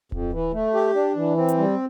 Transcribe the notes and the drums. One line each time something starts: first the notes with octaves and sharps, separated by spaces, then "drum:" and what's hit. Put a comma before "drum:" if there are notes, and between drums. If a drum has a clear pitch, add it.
F2, drum: kick D1
E3
A3
G4
D4
E3
C4
drum: hi-hat
G3